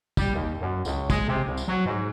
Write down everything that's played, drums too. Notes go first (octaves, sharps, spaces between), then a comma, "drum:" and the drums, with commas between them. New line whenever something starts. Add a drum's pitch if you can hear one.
G3, drum: kick, tambourine
D#2
F#2
C#2, drum: tambourine
G#3, drum: kick, tambourine
C3
C2
drum: tambourine
F#3
G#2